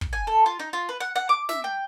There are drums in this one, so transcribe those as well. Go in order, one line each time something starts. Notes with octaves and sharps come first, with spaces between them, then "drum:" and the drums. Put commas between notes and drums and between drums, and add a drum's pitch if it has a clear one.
drum: kick
G#5
A4
F4
D#4
F4
B4
F#5
F#5
D6
E5, drum: snare
G5